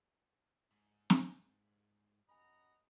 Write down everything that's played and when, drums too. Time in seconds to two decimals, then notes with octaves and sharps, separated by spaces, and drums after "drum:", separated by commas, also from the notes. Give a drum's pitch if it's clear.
0.71 G#2
1.10 drum: snare
2.29 F#2 D#5 F#5 G#5 A#5 B5